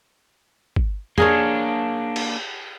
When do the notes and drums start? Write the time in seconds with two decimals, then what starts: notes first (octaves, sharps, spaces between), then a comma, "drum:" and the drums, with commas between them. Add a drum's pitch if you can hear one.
0.76 drum: kick
1.18 A#3 D4 G#4 A#4 C#5, drum: tom
2.16 drum: cymbal